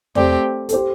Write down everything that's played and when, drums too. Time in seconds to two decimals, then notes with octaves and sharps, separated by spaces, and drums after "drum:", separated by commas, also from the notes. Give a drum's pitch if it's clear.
0.15 A3 C4 G4 A4 D5, drum: tom E2
0.69 A4, drum: hi-hat
0.73 G4 C5